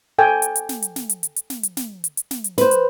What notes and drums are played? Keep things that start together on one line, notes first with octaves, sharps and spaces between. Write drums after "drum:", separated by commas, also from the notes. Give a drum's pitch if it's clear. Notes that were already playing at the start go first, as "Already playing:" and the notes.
A4 G5 G#5
drum: hi-hat
drum: hi-hat
drum: snare
drum: hi-hat
drum: snare
drum: hi-hat
drum: hi-hat
drum: hi-hat
drum: snare
drum: hi-hat
drum: snare
drum: hi-hat
drum: hi-hat
drum: snare
drum: hi-hat
B4 C5, drum: snare
drum: hi-hat